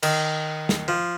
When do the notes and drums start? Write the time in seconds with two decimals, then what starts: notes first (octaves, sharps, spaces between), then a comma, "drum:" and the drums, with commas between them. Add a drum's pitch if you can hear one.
0.03 D#3, drum: cymbal
0.69 drum: snare
0.88 F3